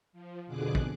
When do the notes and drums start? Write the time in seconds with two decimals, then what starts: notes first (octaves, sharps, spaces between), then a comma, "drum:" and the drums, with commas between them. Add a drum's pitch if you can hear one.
0.13 F3
0.47 F2 B2 D3 G#4 D6 F#6
0.75 drum: kick